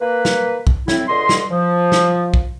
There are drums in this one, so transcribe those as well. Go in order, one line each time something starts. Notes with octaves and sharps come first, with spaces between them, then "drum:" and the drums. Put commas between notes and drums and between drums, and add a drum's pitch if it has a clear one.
A#3 B4
drum: snare
drum: kick B1
A2 C4 E4, drum: snare
C#2 D3 D#5 C6
drum: snare
F3
drum: snare
drum: kick B1